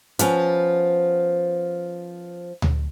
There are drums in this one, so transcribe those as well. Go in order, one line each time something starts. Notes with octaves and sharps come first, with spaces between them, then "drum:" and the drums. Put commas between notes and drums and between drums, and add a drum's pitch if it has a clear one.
F3 B3 C#4, drum: hi-hat
drum: tom D2